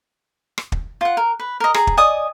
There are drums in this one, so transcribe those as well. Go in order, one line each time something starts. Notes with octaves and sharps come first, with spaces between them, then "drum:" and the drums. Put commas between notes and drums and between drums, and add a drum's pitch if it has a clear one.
drum: rim click
drum: kick
F4 F#5
A#4
B4
A#4 D#5
G#4 A#5, drum: rim click
drum: kick
D5 D#5 G#5 D#6